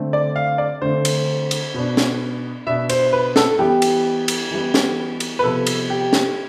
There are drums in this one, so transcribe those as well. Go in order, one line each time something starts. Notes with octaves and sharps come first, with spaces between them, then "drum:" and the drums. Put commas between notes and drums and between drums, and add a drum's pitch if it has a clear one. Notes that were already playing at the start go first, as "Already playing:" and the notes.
Already playing: D3 A3 C4
D5
F5
D5
D3 A3 C4 C5
drum: cymbal
drum: cymbal
B2 B3 D4
drum: snare
B2 B3 D4 E5
C5, drum: cymbal
B4
A4, drum: snare
E3 G3 B3 G4
drum: cymbal
drum: cymbal
E3 G3 B3
drum: snare
drum: cymbal
B4
C3 F3 B3 A4
drum: cymbal
G4
drum: snare